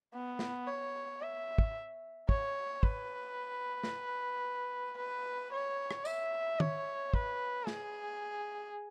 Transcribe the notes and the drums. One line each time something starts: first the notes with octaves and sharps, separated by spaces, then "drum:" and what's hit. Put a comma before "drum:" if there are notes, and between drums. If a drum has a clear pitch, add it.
B3
drum: snare
C#5
E5
drum: kick
C#5, drum: kick
B4, drum: kick
drum: snare
B4
C#5
drum: rim click
E5, drum: tambourine
C#5, drum: tom
B4, drum: kick
G#4, drum: snare